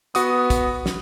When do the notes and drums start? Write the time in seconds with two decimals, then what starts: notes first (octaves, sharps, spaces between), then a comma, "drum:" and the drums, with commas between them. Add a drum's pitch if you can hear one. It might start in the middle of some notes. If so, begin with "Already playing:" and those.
0.15 B3 F#4 D#6, drum: hi-hat
0.50 drum: kick, hi-hat
0.86 drum: snare